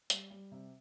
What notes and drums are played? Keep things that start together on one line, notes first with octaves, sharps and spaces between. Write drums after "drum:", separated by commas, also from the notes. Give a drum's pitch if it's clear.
G3, drum: hi-hat
G3
C3